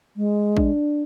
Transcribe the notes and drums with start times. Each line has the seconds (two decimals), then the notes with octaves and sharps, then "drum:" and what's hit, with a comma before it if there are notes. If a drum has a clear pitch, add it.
0.17 G#3
0.57 D4, drum: kick